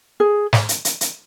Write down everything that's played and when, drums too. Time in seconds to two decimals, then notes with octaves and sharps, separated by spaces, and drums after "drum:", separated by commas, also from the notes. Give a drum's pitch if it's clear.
0.20 G#4
0.53 drum: snare
0.69 drum: hi-hat
0.85 drum: hi-hat
1.01 drum: hi-hat